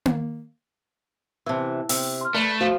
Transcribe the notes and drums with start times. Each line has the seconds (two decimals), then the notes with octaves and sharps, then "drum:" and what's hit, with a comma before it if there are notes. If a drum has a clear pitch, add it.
0.05 drum: tom A#3
1.46 C3 E3 A5 E6
1.89 C3 G5 E6, drum: open hi-hat
2.21 C6 F6
2.35 A3 B4 D5
2.61 F3 F#4